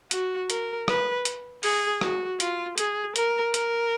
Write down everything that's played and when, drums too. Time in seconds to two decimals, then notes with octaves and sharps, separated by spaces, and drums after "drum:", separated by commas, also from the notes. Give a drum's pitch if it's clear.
0.11 F#4, drum: hi-hat
0.50 A#4, drum: hi-hat
0.88 B4, drum: rim click
1.25 drum: hi-hat
1.63 G#4, drum: open hi-hat
2.01 F#4, drum: rim click
2.40 F4, drum: hi-hat
2.78 G#4, drum: hi-hat
3.16 A#4, drum: hi-hat
3.54 A#4, drum: hi-hat